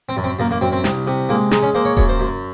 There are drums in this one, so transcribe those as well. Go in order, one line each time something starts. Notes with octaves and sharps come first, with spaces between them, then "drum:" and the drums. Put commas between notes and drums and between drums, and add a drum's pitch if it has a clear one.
C4
F#2
C4
F#2 A#3
A#3
F#2 C4
C4
C2, drum: snare
C3
G#3 A#3
G#3 D#4, drum: snare
C#4
A#3 C5
C#5
F#2 C#5, drum: kick D#1
C5
F#2